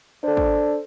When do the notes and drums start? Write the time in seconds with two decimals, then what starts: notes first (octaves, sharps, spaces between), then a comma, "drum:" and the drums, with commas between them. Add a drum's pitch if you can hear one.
0.24 D4 A4 C5
0.37 drum: kick